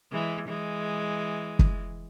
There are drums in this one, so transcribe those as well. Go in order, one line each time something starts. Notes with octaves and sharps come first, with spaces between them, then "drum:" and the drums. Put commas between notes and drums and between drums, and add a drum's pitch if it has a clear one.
E3 G#3
E3 G#3
drum: kick